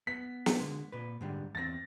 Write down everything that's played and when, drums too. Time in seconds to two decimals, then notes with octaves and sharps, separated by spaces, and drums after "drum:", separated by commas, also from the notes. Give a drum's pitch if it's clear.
0.07 B3 B6
0.46 drum: snare
0.59 D3 G#3
0.92 A#2 B4
1.21 G#2 D3 G3
1.55 E2 C4 A6 A#6